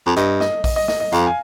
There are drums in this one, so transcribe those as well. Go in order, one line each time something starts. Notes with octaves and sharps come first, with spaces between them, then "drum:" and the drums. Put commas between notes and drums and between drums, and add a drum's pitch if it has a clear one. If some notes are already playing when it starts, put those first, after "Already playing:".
F2
G2 D#5, drum: hi-hat
D#5, drum: snare
D#5, drum: kick A#1, open hi-hat
D#5
D#5, drum: snare
D#5
F2 F5, drum: hi-hat
G#5